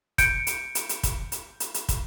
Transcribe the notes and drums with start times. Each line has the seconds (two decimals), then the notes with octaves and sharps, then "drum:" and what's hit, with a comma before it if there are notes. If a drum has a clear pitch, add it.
0.18 G6 C#7 D7, drum: kick, hi-hat
0.47 drum: hi-hat
0.75 drum: hi-hat
0.89 drum: hi-hat
1.03 drum: kick, hi-hat
1.32 drum: hi-hat
1.60 drum: hi-hat
1.74 drum: hi-hat
1.89 drum: kick, hi-hat